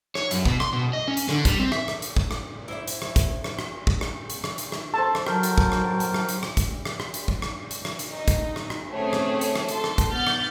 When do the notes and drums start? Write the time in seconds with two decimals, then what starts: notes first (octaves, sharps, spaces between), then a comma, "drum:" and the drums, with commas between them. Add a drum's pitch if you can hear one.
0.15 C#5, drum: rim click
0.31 F#2, drum: hi-hat
0.45 B2, drum: kick
0.60 C6, drum: rim click
0.73 B2
0.93 D#5
1.08 C#4
1.17 drum: hi-hat
1.29 D3, drum: rim click
1.45 G3, drum: kick, hi-hat
1.59 C4
1.72 E5, drum: rim click
1.88 drum: rim click
2.02 drum: hi-hat
2.16 drum: kick
2.31 drum: rim click
2.68 E4 C5 C#5 E5
2.88 drum: hi-hat
3.02 drum: rim click
3.16 drum: kick, hi-hat
3.44 drum: rim click
3.59 drum: rim click
3.87 drum: kick
4.01 drum: rim click
4.30 drum: hi-hat
4.44 drum: rim click
4.58 drum: hi-hat
4.72 drum: rim click
4.94 A4 C5 A5
5.15 drum: rim click
5.26 F#3 A#4 G5, drum: rim click
5.43 drum: hi-hat
5.58 drum: kick
5.72 drum: rim click
6.00 drum: hi-hat
6.14 drum: rim click
6.29 drum: hi-hat
6.43 drum: rim click
6.57 drum: kick, hi-hat
6.85 drum: rim click
7.00 drum: rim click
7.14 drum: hi-hat
7.28 drum: kick
7.42 drum: rim click
7.71 drum: hi-hat
7.85 drum: rim click
7.99 drum: hi-hat
8.10 D#4
8.28 drum: kick, hi-hat
8.56 drum: rim click
8.70 drum: rim click
8.90 A3 C4 C#4 G#4 C#5
9.13 drum: rim click
9.41 drum: hi-hat
9.56 drum: rim click
9.69 A4 C6, drum: hi-hat
9.84 drum: rim click
9.98 drum: kick, hi-hat
10.11 B3 F6 G6 A6
10.27 drum: rim click